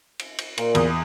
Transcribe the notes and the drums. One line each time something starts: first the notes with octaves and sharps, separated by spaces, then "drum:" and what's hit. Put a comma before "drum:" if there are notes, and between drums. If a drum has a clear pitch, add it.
drum: cymbal
drum: cymbal
A#2, drum: cymbal
E2 D#6, drum: cymbal